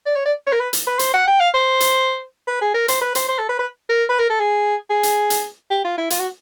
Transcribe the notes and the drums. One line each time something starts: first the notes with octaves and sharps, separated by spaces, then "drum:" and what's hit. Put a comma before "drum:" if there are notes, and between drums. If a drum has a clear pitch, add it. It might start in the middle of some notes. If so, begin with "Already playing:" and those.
D5
C#5
D5
C#5
A#4
B4
drum: hi-hat
B4
C5, drum: hi-hat
F#5
G5
F5
C5
drum: hi-hat
B4
G#4
A#4
C5, drum: hi-hat
B4
C5, drum: hi-hat
C5
A4
B4
B4
A#4
B4
A#4
A4
G#4
G#4
drum: hi-hat
drum: hi-hat
G4
F4
E4
F4, drum: hi-hat
F#4